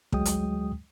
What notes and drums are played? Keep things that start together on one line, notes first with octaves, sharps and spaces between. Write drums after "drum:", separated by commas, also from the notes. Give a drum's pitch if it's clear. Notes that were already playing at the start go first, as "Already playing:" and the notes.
D2 F#3 G#3 G5 D#6, drum: kick
drum: hi-hat